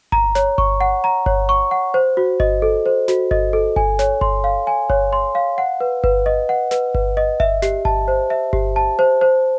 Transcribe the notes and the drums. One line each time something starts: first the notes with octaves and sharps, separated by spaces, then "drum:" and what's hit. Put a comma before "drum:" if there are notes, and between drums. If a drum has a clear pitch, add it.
A#5, drum: kick G1
C#5, drum: snare
C#6, drum: kick G1
F#5
A#5
C#5, drum: kick G1
C#6
F#5
C5
F#4
D#5, drum: kick G1
A4
C5
F#4, drum: snare
D#5, drum: kick G1
A4
G#5, drum: kick G1
C#5, drum: snare
C6, drum: kick G1
F5
G#5
C#5, drum: kick G1
C6
F5
F#5
B4
B4, drum: kick G1
D#5
F#5
B4, drum: snare
B4, drum: kick G1
D#5
E5, drum: kick G1
G4, drum: snare
A5, drum: kick G1
C5
E5
G4, drum: kick G1
A5
C5
C5